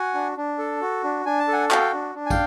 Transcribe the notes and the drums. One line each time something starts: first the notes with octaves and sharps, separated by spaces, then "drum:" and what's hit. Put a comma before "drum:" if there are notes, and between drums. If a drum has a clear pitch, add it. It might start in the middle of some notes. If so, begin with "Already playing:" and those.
Already playing: F#4 F#5 G#5
D4
D4
A4
F#4
D4
D4 G#5
A5
A4 F#5 G#5
F#4 F5 G5, drum: clap
D4
D4
G#5
F5 G5, drum: kick, tambourine